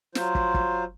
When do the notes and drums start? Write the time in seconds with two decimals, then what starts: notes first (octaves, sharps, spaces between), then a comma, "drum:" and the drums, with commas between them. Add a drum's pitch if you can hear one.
0.15 F#3 F4 C5, drum: snare
0.35 drum: kick
0.54 drum: kick